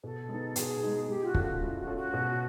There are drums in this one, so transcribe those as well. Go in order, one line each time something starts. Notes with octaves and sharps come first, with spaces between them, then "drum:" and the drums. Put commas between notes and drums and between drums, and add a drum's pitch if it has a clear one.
B2 A4
G#3 B3 D#4
B2 G#4, drum: hi-hat
G#3 B3 D#4
G#3 G4
F4
F#4
C#4 F4 A4, drum: kick
F#4
G#3 E4
F#4
C#4 F4 A4
F#4
B2